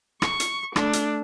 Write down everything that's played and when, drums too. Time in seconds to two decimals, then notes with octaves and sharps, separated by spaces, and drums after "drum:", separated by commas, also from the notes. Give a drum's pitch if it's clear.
0.22 C#6, drum: rim click
0.40 drum: hi-hat
0.76 A3 D4, drum: rim click
0.93 drum: hi-hat